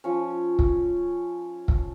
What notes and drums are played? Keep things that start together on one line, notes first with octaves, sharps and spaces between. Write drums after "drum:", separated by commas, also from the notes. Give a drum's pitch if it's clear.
F3 C#4
drum: kick
drum: kick